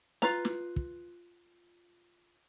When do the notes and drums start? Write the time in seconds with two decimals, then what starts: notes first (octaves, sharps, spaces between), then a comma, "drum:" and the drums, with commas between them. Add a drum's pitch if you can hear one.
0.22 F4 B4 A#5, drum: snare
0.45 drum: snare
0.76 drum: kick